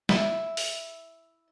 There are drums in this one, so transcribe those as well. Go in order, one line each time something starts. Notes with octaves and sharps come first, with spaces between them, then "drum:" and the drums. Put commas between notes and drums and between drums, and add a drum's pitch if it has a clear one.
E4, drum: snare
drum: open hi-hat